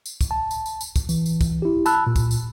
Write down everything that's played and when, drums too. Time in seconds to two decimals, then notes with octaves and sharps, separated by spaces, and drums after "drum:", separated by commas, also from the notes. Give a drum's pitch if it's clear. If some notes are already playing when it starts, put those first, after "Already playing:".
0.06 drum: tambourine
0.21 drum: kick, tambourine
0.31 A5
0.51 drum: tambourine
0.66 drum: tambourine
0.81 drum: tambourine
0.96 drum: kick, tambourine
1.09 E3, drum: tambourine
1.26 drum: tambourine
1.41 drum: kick, tambourine
1.62 E4 G4
1.86 A5 B5 E6 F#6, drum: tambourine
2.07 A#2
2.16 drum: kick, tambourine
2.31 drum: tambourine